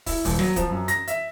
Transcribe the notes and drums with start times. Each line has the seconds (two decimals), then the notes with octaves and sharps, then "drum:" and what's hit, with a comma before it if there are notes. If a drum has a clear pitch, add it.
0.06 E4, drum: kick, open hi-hat
0.25 D#1, drum: kick, open hi-hat
0.39 F#3, drum: rim click
0.56 F3, drum: kick, hi-hat
0.69 F#2
0.88 A#6, drum: hi-hat
1.08 E5, drum: hi-hat